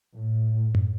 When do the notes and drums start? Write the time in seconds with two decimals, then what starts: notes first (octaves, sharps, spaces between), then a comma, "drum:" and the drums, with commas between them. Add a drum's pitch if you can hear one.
0.14 A2
0.75 drum: tom F#2